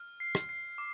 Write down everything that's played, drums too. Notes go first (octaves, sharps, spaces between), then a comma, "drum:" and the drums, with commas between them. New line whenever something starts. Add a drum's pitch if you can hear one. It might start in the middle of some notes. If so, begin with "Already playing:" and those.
Already playing: F6
C7
drum: rim click
C7
D6